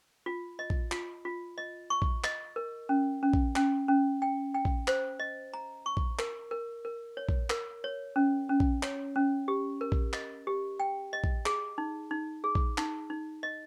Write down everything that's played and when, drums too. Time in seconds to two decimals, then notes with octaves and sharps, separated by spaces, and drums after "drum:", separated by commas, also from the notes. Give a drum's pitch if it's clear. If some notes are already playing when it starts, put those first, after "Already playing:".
0.26 F4
0.59 D#5
0.70 drum: kick
0.92 F4, drum: clap
1.25 F4
1.58 D#5
1.90 C#6
2.02 drum: kick
2.24 D#5, drum: clap
2.56 A#4
2.89 C#4
3.23 C#4
3.33 drum: kick
3.56 C#4, drum: clap
3.88 C#4
4.22 G5
4.54 G5
4.65 drum: kick
4.88 C5, drum: clap
5.20 D#5
5.54 A#5
5.86 C#6
5.97 drum: kick
6.19 A#4, drum: clap
6.51 A#4
6.85 A#4
7.17 C#5
7.29 drum: kick
7.50 A#4, drum: clap
7.84 C#5
8.16 C#4
8.49 C#4
8.60 drum: kick
8.83 C#5, drum: clap
9.16 C#4
9.48 G4
9.81 A#4
9.92 drum: kick
10.13 D#5, drum: clap
10.47 G4
10.80 G5
11.13 D#5
11.24 drum: kick
11.46 G#4, drum: clap
11.78 D#4
12.11 D#4
12.44 G#4
12.55 drum: kick
12.78 D#4, drum: clap
13.10 D#4
13.43 D#5